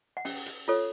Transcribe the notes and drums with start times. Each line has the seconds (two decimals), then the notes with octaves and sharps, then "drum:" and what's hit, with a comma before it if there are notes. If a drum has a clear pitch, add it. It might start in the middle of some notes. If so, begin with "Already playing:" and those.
0.17 F#5
0.25 C#4 G5, drum: open hi-hat
0.46 drum: hi-hat
0.68 F4 A4 C#5